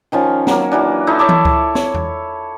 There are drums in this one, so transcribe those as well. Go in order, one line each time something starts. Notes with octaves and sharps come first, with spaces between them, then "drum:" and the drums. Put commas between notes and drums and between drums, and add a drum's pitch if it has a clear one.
D#3 F3 C#4
F#3 A#3, drum: snare C4
E3 F#3 D4
D#4 E4 A4
C#5 E5 A5 D6
drum: tom E3
drum: kick C#2
C#5, drum: snare C4
drum: tom E2